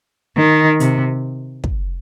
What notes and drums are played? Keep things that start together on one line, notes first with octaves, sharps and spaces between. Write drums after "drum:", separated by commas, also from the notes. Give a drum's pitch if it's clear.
D#3
C3, drum: hi-hat
drum: kick